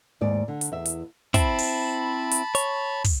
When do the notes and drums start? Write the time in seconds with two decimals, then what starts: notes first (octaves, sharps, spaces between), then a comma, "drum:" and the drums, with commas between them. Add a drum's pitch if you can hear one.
0.21 D#2 G#2 D5
0.48 D3
0.61 drum: hi-hat
0.72 E2 E5
0.86 drum: hi-hat
1.34 C4 E4 A5 B5, drum: kick, hi-hat
1.58 drum: open hi-hat
2.31 drum: hi-hat
2.55 C#5, drum: hi-hat
3.04 drum: kick, open hi-hat